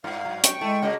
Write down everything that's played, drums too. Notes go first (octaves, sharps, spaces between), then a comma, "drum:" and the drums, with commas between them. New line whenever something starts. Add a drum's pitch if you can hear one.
G2 F4 F5
F#3
G5 C#6, drum: hi-hat
G#3 A3 E4 E5 A5
C#3 A#3 F#4 D#5 F#5